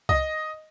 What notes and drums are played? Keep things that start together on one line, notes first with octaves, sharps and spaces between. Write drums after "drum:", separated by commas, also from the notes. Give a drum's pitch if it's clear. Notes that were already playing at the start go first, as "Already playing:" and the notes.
D#5, drum: kick C2